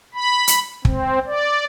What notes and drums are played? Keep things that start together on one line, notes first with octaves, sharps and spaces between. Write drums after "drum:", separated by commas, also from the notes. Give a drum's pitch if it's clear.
B5
drum: hi-hat
C4, drum: kick
D5